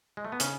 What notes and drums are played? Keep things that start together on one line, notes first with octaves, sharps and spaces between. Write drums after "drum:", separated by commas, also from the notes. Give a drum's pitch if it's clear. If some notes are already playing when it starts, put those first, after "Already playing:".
G#3
A3
B3
C#3 C#4, drum: hi-hat